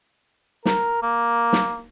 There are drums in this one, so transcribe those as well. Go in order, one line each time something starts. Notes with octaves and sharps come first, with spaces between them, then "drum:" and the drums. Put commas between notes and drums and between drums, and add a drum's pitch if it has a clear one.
A#4, drum: snare
A#3
drum: snare